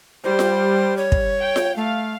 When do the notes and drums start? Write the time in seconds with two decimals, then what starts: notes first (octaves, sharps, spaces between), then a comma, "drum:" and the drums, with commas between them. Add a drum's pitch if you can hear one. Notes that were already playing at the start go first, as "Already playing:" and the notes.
0.24 G3 C5
0.39 drum: snare F4
0.97 C#5
1.12 drum: kick
1.40 G5
1.56 drum: snare F4
1.76 A3 F5